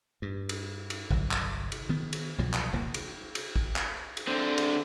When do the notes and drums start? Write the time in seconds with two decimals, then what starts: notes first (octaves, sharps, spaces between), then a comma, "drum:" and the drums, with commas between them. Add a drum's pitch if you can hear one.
0.22 G2
0.49 drum: cymbal
0.90 drum: cymbal
1.11 G1 C2 F#3, drum: kick
1.31 drum: clap
1.72 drum: cymbal
1.89 D#3 B3
2.13 drum: cymbal
2.38 C2 B2 F3 F#3
2.53 drum: clap
2.73 D#1 C2 E3 A#3
2.94 drum: cymbal
3.35 drum: cymbal
3.56 drum: kick
3.76 drum: clap
4.17 drum: cymbal
4.27 D3 C4
4.58 drum: cymbal